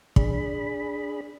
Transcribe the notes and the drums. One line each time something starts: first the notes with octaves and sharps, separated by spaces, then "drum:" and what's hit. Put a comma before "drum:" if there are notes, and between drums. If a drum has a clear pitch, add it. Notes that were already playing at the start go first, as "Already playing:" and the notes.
D4 G#4 B5, drum: kick